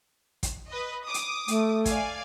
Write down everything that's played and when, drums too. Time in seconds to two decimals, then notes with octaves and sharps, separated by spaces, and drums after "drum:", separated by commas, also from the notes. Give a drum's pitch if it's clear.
0.43 drum: kick, hi-hat
0.70 B4 D#5
1.05 D6 D#6
1.14 drum: hi-hat
1.48 A3, drum: hi-hat
1.85 D5 F5 G#5, drum: kick, hi-hat